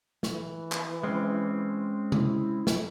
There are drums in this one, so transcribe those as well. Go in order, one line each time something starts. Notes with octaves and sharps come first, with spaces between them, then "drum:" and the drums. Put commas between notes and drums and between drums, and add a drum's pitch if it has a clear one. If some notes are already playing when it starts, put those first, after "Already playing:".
E3, drum: snare
drum: clap
G#3 C4 C#4
E4, drum: tom C3
drum: snare